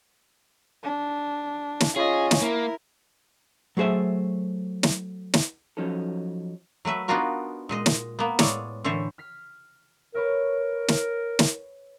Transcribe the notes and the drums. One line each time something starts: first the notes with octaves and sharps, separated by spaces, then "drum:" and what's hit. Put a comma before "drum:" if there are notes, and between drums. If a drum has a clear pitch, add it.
D4
drum: snare
C#4 F4 G#4 D#5
drum: snare
A#3 E4 A#4
F#3 A3 G#4 C5 E5
drum: snare
drum: snare
F3 F#3 C#4 D#4 A4
F#3 A3 B4 E5
B3 D4 D#4 F4 F#4 A#4
A#2 G#3 D#5
drum: snare
A#3 B3
A2 G#3 C#5 D5, drum: snare
A2 D3 E3 C5 C#5
F6 B6 C7
A#4 B4 C#5 E5
drum: snare
drum: snare